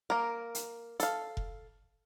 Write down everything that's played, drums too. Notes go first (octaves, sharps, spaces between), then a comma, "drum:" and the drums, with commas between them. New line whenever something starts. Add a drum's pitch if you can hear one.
A#3 A#4
drum: hi-hat
A4 F5, drum: hi-hat
drum: kick F1